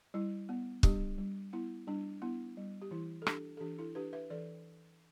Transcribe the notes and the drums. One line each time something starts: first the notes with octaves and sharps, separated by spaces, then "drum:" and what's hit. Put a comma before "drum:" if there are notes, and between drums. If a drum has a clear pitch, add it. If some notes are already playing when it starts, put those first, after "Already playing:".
G3 E4
B3
G3 D4 G4, drum: kick
G3
B3 E4
G3 D4
B3 E4
G3
G4
E3 E4
A4
D4 G4, drum: rim click
A4
E3 D4 G4
E4 A4
D4 G4 B4
B4 E5
E3 A4 D5